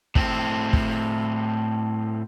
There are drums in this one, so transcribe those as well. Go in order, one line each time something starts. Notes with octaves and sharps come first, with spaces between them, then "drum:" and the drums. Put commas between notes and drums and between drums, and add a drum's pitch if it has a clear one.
A2 C4, drum: kick
drum: kick